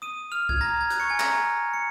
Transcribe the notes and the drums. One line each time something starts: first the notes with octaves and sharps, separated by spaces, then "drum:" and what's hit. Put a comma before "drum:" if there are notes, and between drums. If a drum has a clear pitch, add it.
D#6 D#7
F6 F7
G#6, drum: kick C2
A#5 A#6
G#6
F#6, drum: hi-hat
C#6 C#7
G#5 G#6
A#5 A#6, drum: clap
C#7